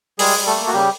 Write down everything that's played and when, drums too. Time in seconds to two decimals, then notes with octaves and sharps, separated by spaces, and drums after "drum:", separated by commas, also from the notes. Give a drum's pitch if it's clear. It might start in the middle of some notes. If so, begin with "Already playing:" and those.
0.19 G3 G#3 G#4, drum: open hi-hat
0.38 G3
0.46 A3 A4
0.56 A#3
0.67 F#4
0.73 C#3 G3 G4